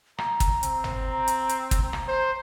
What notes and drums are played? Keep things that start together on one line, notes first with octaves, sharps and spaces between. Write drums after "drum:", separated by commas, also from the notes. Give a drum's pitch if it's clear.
A#5, drum: rim click
drum: kick, hi-hat
C4, drum: hi-hat
drum: tom
drum: hi-hat
drum: hi-hat
drum: kick, hi-hat
drum: rim click
C5